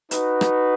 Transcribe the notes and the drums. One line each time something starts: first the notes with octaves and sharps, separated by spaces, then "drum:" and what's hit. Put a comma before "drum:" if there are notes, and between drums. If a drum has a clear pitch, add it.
D#4 F#4 B4, drum: hi-hat
drum: rim click